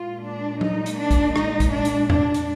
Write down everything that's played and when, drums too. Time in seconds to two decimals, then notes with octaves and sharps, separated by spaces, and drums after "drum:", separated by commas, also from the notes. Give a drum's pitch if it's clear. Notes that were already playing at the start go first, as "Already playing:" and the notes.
Already playing: A#2 G#3 F4
0.24 D4
0.61 D#4, drum: tom F#3
0.86 drum: hi-hat
0.99 D4
1.11 drum: kick, hi-hat
1.36 D#4, drum: rim click
1.60 drum: kick, hi-hat
1.72 D4
1.85 drum: hi-hat
2.10 D4, drum: tom E2
2.34 drum: hi-hat